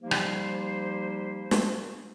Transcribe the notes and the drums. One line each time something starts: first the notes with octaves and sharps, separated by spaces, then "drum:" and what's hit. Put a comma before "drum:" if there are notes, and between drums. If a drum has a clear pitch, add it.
F3 G3 A#3 D#4 G4 C5
drum: rim click
drum: snare